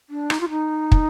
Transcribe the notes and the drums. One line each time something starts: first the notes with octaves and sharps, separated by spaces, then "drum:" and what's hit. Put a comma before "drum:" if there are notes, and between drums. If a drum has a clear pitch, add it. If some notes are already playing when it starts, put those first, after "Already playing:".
D4
D#4, drum: rim click
F4
D#4
drum: kick